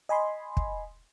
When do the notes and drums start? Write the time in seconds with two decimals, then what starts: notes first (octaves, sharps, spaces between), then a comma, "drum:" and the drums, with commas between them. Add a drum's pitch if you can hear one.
0.09 D#5 G#5 B5 C6
0.57 drum: kick